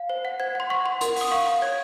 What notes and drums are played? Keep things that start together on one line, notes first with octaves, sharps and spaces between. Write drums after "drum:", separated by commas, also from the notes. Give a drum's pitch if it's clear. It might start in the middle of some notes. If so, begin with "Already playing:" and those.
Already playing: F5
C5
F#5
C5 G#6
F#5 C6
F#5 C#6
F#5 C6
A#4 C6, drum: hi-hat
F#5 D#6, drum: open hi-hat
F5 C#6
F5
C#5 G#6